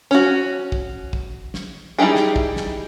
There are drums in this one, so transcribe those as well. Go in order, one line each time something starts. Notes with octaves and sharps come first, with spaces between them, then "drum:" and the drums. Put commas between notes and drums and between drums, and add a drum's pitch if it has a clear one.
C#4 F#4, drum: snare
drum: kick
drum: kick
drum: snare
G3 D#4 E4 G4 G#4
drum: snare
drum: kick
drum: snare